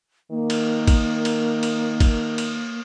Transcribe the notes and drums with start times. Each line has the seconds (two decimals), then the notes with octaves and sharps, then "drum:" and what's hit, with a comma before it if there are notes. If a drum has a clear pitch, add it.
0.31 D#3 A#3
0.50 drum: cymbal
0.87 drum: kick, cymbal
1.25 drum: cymbal
1.63 drum: cymbal
2.00 drum: kick, cymbal
2.38 drum: cymbal